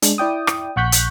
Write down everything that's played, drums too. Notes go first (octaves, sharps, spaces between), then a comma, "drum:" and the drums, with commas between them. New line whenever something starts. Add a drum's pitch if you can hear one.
G#3 D4, drum: hi-hat
E4 D5 G5 D#6
drum: rim click
A#1 F#5 C#6 F#6 G6 B6
drum: hi-hat